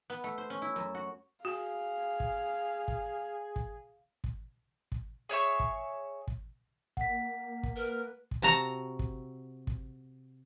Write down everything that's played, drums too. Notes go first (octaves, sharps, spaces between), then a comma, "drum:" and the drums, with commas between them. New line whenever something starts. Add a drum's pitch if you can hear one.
B3
A3
C5
C#4
E4
F#2
F#4
F#4 G#4 F5
drum: kick
drum: kick
drum: kick
drum: kick
drum: kick
G#4 C#5 E5 C#6
drum: kick
drum: kick
A#3 F#5 B6, drum: kick
drum: kick
A#4 B4
drum: kick
C3 F#4 A5 A#5
drum: kick
drum: kick